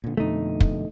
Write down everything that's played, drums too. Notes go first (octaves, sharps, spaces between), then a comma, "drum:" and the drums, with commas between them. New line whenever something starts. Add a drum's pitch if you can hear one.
A#2 D3
F2 B2 D3 A3 D#4
drum: kick